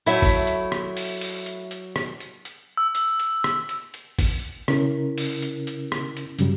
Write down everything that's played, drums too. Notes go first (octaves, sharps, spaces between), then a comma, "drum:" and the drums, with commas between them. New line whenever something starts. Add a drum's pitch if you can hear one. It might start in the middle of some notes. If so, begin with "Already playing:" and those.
F#3 A3 C#4 E4 E5
drum: kick, open hi-hat
drum: hi-hat
drum: rim click
drum: open hi-hat
drum: open hi-hat
drum: hi-hat
drum: hi-hat
drum: rim click
drum: hi-hat
drum: hi-hat
E6
drum: hi-hat
drum: hi-hat
drum: rim click
drum: hi-hat
drum: hi-hat
drum: kick, open hi-hat
C#3 C#4 E4 A#4, drum: rim click
drum: open hi-hat
drum: hi-hat
drum: hi-hat
drum: rim click
drum: hi-hat
G2 C#3 F#3 G3, drum: hi-hat